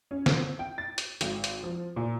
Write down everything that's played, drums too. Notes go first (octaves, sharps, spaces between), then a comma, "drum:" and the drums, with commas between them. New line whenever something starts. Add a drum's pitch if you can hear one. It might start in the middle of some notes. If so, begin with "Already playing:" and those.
C#4
C4, drum: snare
G5
A6
drum: hi-hat
G#1, drum: hi-hat
drum: hi-hat
F3
A#2